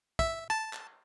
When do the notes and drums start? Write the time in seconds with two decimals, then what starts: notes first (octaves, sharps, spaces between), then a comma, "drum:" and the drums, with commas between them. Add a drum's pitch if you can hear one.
0.19 E5, drum: kick
0.50 A5
0.73 drum: clap